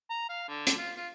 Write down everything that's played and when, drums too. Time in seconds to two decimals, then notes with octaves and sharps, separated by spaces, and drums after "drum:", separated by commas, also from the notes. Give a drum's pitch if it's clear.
0.10 A#5
0.29 F5
0.48 D3
0.67 drum: hi-hat
0.78 F4
0.96 F4